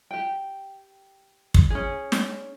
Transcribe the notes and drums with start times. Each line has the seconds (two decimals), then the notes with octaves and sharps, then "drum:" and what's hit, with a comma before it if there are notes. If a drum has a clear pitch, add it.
0.11 G4 G5
1.54 drum: kick
1.70 C#4 G#4
2.12 drum: snare